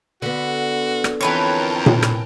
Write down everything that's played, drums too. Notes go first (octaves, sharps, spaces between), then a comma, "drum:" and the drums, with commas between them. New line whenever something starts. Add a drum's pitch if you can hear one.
D3 B3 F#4
drum: rim click
F2 E3 A#4 B4 C#5 G5 A5
drum: tom A#2
drum: rim click